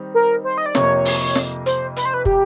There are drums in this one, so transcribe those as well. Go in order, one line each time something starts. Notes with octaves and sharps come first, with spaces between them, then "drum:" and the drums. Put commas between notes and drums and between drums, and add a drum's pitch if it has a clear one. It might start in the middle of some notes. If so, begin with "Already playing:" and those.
Already playing: D#3 G3 C4 D#4
A#4
C5
D#5
D5
F2 C3 F3 A#3 C#5, drum: snare
drum: open hi-hat
drum: snare
C5, drum: hi-hat
B4, drum: hi-hat
C5
B4
G4, drum: kick